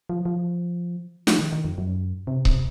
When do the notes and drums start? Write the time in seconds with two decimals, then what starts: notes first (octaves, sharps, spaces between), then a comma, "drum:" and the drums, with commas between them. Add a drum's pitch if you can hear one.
0.09 F3
0.25 F3
1.27 F3, drum: snare
1.39 D#3
1.52 D#3
1.65 F2
1.78 F#2
2.27 C3
2.45 C3, drum: kick C#1